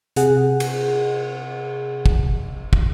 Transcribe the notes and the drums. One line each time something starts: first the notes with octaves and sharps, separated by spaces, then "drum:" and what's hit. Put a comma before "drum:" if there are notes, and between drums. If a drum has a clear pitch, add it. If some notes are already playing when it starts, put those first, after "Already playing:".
C3 G#4 F#5, drum: hi-hat
drum: cymbal
drum: kick
drum: kick